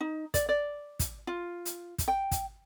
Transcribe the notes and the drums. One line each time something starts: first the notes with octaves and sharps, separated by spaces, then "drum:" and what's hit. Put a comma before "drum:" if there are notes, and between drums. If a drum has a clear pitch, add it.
D#4
D5, drum: kick, hi-hat
D5
drum: kick, hi-hat
F4
drum: hi-hat
drum: kick, hi-hat
G5
drum: kick, hi-hat